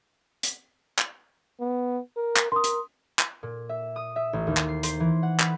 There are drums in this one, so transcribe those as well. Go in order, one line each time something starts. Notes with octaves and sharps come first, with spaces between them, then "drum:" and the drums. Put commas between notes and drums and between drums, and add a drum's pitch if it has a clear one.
drum: hi-hat
drum: clap
B3
A#4
drum: clap
A#4 C6 D#6
drum: hi-hat
drum: clap
A#2
E5
D#6
E5
A1
D#2
drum: clap
C7
C5, drum: hi-hat
E3
F#5
B4, drum: clap